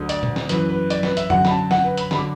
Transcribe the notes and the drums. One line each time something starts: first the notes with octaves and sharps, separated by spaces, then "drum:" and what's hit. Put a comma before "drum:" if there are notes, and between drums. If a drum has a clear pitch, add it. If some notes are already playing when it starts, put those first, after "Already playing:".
Already playing: D2 D3 F#3
D5, drum: hi-hat
drum: tom
drum: snare
F#2 E3 B4, drum: hi-hat
B4
D5, drum: hi-hat
B4, drum: snare
E5, drum: hi-hat
F#2 D3 F#3 F#5, drum: tom
B5, drum: snare
A5
F#5, drum: snare
B4
B5, drum: hi-hat
D3 F#3 B5, drum: snare
D6